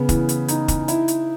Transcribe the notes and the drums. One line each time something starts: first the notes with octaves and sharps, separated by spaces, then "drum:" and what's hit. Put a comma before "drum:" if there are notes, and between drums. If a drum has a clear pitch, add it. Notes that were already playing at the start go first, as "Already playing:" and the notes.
Already playing: C#3 B3
E3, drum: kick, hi-hat
drum: hi-hat
D#4, drum: hi-hat
drum: kick, hi-hat
E4, drum: hi-hat
drum: hi-hat